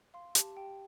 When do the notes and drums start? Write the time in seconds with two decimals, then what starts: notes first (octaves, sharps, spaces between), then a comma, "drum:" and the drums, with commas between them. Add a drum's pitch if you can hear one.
0.14 F5 C6
0.35 G4 A5, drum: hi-hat
0.57 G4 G5